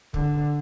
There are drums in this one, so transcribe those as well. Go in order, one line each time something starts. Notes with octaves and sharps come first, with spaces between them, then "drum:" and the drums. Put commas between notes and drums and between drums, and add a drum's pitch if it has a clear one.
D3, drum: kick